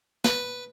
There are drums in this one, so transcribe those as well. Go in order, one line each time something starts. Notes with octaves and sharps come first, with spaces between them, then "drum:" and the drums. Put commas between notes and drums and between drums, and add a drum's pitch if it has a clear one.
B4, drum: snare